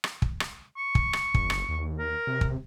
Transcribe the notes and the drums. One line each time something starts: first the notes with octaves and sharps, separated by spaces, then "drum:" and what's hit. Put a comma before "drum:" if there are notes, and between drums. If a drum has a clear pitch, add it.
drum: rim click
drum: kick
drum: rim click
C#6
drum: kick
drum: rim click
F#1, drum: kick
drum: rim click
D#2
A#4
C3
drum: kick